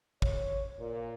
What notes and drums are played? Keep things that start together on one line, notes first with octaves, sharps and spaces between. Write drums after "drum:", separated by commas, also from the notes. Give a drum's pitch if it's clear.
C#5, drum: kick
A#2